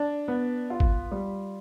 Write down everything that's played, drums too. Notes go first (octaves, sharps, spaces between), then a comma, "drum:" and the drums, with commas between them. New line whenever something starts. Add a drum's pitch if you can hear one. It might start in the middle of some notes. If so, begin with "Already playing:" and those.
Already playing: D4
B3
F4
drum: kick
G3